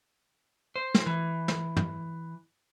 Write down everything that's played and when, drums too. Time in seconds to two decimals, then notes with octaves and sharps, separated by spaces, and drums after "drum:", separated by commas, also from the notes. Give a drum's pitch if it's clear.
0.76 C5
0.94 drum: snare
1.06 E3
1.48 drum: snare
1.77 drum: tom